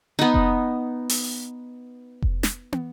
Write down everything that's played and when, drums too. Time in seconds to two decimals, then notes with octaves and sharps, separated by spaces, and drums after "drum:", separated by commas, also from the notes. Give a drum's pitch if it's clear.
0.19 B3 D#4
0.34 drum: kick F1
1.09 drum: open hi-hat
2.22 drum: kick F1
2.43 drum: snare
2.72 drum: tom